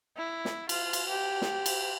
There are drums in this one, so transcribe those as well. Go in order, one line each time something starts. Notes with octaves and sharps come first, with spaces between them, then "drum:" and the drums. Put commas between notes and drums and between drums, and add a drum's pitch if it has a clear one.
E4
drum: snare
F4, drum: cymbal
drum: cymbal
G4
drum: snare
drum: cymbal